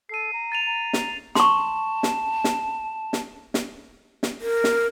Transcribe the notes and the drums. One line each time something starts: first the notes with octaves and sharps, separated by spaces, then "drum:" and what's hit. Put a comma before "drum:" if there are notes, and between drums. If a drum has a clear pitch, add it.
A4 C7 D#7
A#5
A6 D#7 F7
A#5
drum: snare
A5 C6 C#6, drum: snare
drum: snare
drum: snare
drum: snare
drum: snare
drum: snare
A#4
drum: snare